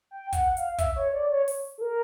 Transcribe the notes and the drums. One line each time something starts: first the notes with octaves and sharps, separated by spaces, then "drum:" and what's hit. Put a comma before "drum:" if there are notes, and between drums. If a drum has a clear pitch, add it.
G5
F#5, drum: kick, hi-hat
F5, drum: hi-hat
F5
E5, drum: kick, hi-hat
C#5
D5
C#5
drum: open hi-hat
A4
A#4